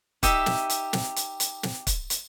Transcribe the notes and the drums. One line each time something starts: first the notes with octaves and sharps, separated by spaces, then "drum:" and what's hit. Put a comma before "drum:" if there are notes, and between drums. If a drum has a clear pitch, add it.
D#4 G4 E5, drum: kick, hi-hat
drum: snare
drum: hi-hat
drum: snare
drum: hi-hat
drum: hi-hat
drum: snare
drum: kick, hi-hat
drum: hi-hat